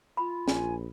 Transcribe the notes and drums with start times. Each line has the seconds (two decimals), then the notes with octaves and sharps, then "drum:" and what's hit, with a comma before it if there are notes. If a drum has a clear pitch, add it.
0.17 F4 B5
0.48 A#1 G#5, drum: snare